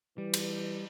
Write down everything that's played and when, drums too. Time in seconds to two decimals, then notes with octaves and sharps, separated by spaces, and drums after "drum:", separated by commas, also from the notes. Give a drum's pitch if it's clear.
0.18 E3 G3
0.34 drum: cymbal